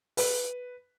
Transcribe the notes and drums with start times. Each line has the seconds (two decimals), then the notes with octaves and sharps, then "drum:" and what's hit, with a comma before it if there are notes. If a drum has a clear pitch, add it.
0.17 B4, drum: open hi-hat